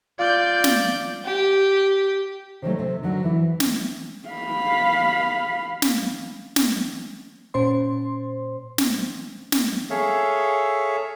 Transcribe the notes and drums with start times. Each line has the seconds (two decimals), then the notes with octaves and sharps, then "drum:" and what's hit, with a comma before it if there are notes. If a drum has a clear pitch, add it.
0.19 F4 D5 G6
0.64 drum: snare
1.25 G4
2.62 C3 D#3 F#3 A3
2.79 C3
3.03 D3 F#3 F#4 A#4
3.23 E3 E4
3.60 drum: snare
4.29 F5 B5
5.82 drum: snare
6.56 drum: snare
7.54 A#2 C#4 C5 C6
8.78 drum: snare
9.52 drum: snare
9.90 G#4 A4 C#5 E5 F5